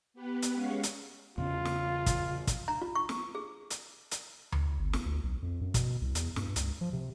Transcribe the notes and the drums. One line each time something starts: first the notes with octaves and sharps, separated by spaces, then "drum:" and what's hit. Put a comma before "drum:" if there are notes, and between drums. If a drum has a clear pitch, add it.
B3 G4 B4
drum: hi-hat
G#3 C#4 C#5 F5 F#5
drum: hi-hat
E2 C#3 C#4 F4
drum: snare
drum: kick, hi-hat
drum: kick, hi-hat
A#5
F4
C#6
drum: snare
G#4
drum: hi-hat
drum: hi-hat
drum: tom D2
G1
drum: snare
D2
B1
F2
F#2
B2, drum: kick, hi-hat
C2
E2, drum: hi-hat
G2, drum: snare
C#2, drum: hi-hat
F3
C3